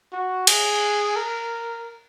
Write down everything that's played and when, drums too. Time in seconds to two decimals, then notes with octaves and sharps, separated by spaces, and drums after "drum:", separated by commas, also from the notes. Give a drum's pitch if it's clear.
0.12 F#4
0.47 G#4, drum: cymbal
1.16 A#4